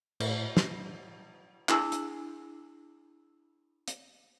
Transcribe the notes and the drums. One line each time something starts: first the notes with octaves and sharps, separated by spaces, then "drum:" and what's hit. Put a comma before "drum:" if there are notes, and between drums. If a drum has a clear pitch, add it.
A2, drum: cymbal
drum: snare
D4 E4 G#4 G#5 E6, drum: clap
drum: hi-hat
drum: hi-hat